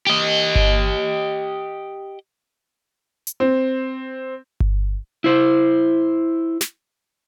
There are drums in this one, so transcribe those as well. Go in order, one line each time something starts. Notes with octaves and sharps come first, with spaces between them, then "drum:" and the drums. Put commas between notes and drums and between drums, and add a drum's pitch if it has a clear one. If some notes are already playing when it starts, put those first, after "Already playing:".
G4 D#5
drum: kick G1
drum: hi-hat
C4
drum: kick G1
E4 C5
drum: snare